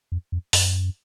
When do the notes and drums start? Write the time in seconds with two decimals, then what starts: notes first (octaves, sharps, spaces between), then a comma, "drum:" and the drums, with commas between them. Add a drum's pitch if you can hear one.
0.12 F2
0.32 F2
0.53 F#2, drum: open hi-hat